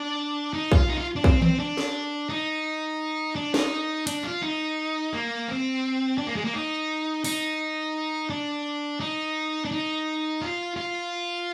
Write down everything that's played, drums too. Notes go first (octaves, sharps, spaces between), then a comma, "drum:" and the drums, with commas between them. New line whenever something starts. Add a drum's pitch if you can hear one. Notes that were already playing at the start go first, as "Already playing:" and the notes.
Already playing: D4
D#4
F4, drum: kick
D#4
F4
D4
C4, drum: kick
C4, drum: tom D#3
D4
drum: snare
D#4
D4
D#4, drum: snare
D4, drum: hi-hat
F4
D#4
A#3
C4
D4
A#3
G#3
A#3
D#4
D#4, drum: open hi-hat
D4
D#4
D4
D#4
F4
F4